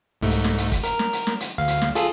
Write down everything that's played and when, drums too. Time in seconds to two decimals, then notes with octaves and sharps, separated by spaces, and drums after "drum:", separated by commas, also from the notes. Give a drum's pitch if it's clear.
0.21 C2 G#2 A3
0.31 drum: hi-hat
0.44 drum: snare
0.58 drum: hi-hat
0.72 drum: kick, hi-hat
0.83 A#4, drum: hi-hat
0.99 drum: snare
1.13 drum: hi-hat
1.27 drum: snare
1.40 drum: hi-hat
1.58 D2 F5
1.68 drum: hi-hat
1.82 drum: snare
1.95 F4 G#4 A4, drum: hi-hat